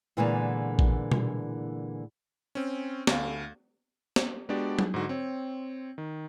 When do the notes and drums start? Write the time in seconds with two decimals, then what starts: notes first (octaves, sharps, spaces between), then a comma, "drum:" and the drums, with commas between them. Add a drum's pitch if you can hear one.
0.17 A#2 D3 E3 G#3 A#3 B3
0.79 drum: kick A#1
1.12 drum: tom B2
2.55 C4 C#4
3.07 D2 A3 F5, drum: snare
4.16 drum: snare
4.49 G#3 B3 D4 F#4 G4 D5
4.79 drum: tom F#3
4.94 G#2 D3 F#4
5.09 C4 C#5
5.98 D#3